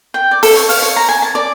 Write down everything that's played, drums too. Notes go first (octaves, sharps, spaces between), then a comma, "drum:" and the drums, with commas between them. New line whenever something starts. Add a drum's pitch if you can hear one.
G5
D5
A4, drum: open hi-hat
C#6
F5, drum: open hi-hat
C#5
A#5
G#5
A5
D5